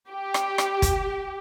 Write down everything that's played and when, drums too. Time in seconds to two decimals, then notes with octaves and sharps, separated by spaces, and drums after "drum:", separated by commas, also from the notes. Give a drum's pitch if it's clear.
0.10 G4
0.34 drum: rim click
0.58 drum: rim click
0.82 drum: kick, hi-hat